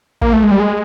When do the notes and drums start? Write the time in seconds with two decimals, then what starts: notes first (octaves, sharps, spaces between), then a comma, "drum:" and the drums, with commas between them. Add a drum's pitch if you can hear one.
0.21 A#3, drum: kick
0.33 A3
0.43 G#3
0.51 G3
0.60 G#3